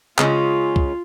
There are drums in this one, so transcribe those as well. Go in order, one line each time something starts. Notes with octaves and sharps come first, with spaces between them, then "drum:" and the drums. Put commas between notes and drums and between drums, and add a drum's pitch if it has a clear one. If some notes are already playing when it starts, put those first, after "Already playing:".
C#3 G#3 C#4 F4, drum: clap
drum: kick